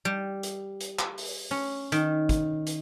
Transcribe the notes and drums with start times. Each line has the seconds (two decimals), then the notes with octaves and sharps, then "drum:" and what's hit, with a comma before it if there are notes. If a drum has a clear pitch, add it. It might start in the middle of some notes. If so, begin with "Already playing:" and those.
0.05 G3
0.43 drum: hi-hat
0.80 drum: hi-hat
0.99 drum: clap
1.18 drum: open hi-hat
1.51 C#4
1.92 D#3, drum: hi-hat
2.29 drum: kick, hi-hat
2.67 drum: hi-hat